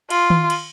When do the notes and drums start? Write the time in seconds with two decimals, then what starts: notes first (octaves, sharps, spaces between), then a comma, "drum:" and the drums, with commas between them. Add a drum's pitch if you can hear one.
0.10 F4, drum: cymbal
0.30 drum: tom D#3
0.50 drum: cymbal